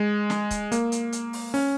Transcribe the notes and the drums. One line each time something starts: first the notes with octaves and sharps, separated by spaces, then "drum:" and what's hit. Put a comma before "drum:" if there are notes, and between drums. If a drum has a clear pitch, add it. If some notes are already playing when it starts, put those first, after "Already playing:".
Already playing: G#3
drum: snare
drum: kick, hi-hat
A#3, drum: hi-hat
drum: hi-hat
drum: hi-hat
drum: open hi-hat
C#4, drum: open hi-hat